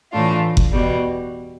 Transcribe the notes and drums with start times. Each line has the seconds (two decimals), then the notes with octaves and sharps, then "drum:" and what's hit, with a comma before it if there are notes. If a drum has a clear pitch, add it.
0.12 A2 E3 A3 D4 F4
0.57 drum: kick F#1
0.71 E2 B2 G3